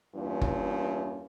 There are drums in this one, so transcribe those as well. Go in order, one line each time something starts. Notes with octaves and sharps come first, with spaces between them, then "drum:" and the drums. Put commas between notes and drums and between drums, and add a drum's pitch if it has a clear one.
E2 G2 E3 A#3 C#4 F4
drum: kick